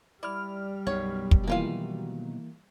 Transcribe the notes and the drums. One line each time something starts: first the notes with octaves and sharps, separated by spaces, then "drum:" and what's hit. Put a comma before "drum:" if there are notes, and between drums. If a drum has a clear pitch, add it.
G3 E4 D5 F6
B1 F#2 B2 C#5
drum: kick
B2 D#3 E3 F#3 G#3 A#3 F4 F5